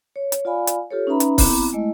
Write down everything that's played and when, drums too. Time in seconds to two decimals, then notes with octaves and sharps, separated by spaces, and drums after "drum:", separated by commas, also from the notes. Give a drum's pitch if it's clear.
0.16 C#5
0.32 drum: hi-hat
0.45 F4 D5 F5 G#5 B5
0.67 drum: hi-hat
0.91 F4 G4 A4 C#5
1.07 C#4 D#4 B4 E5 A#5 B5
1.20 drum: hi-hat
1.38 B3 C4 E4 A#5 B5 D6, drum: kick C#1, open hi-hat
1.73 G#3 A3 E4 D#5